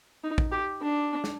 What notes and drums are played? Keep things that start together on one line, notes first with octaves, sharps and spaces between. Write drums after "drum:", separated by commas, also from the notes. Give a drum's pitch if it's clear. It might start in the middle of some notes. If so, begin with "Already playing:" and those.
D#4
drum: kick
G4
D4
drum: snare